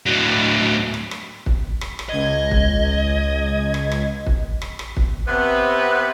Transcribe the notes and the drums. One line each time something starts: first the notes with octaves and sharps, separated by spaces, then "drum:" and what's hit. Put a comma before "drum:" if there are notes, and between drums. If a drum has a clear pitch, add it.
A2 F#3
drum: rim click
drum: rim click
drum: kick
drum: rim click
drum: rim click
C#2 D#5 G#6
drum: kick
drum: rim click
drum: rim click
drum: kick
drum: rim click
drum: rim click
drum: kick
C3 B3 B4